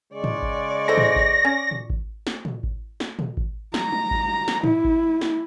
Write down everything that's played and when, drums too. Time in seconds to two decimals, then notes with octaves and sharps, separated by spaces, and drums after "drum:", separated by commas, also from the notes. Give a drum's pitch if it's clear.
0.13 C#3 G#3 D5 C#6
0.24 drum: tom G#2
0.42 drum: kick G#1
0.88 E4 A4 C5 A#6
0.98 drum: tom G#2
1.16 drum: kick G#1
1.45 C#4
1.71 drum: tom
1.90 drum: kick G#1
2.27 drum: snare
2.45 drum: tom
2.63 drum: kick G#1
3.00 drum: snare
3.19 drum: tom A#2
3.37 drum: kick G#1
3.74 A#5, drum: snare
3.92 drum: tom F#3
4.11 drum: kick G#1
4.48 drum: snare
4.64 E4, drum: tom G#2
4.85 drum: kick G#1
5.21 drum: snare